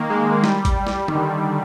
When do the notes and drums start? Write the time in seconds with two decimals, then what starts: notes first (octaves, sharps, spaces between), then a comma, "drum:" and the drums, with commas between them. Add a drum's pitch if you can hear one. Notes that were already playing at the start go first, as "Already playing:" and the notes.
Already playing: D#3 A#3
0.10 G#3
0.44 G3, drum: snare
0.65 drum: kick G#1, hi-hat
0.87 drum: snare
1.08 D#3, drum: tom
1.15 D3
1.23 D#3